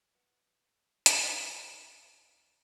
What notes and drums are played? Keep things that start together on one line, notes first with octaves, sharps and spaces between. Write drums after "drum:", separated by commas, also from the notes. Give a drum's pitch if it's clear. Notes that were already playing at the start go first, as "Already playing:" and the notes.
B4 F#5
drum: hi-hat
C#2 C5 D#5